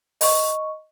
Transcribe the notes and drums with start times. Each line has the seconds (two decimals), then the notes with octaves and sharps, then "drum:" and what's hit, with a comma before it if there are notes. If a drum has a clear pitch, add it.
0.21 D#5 C#6, drum: open hi-hat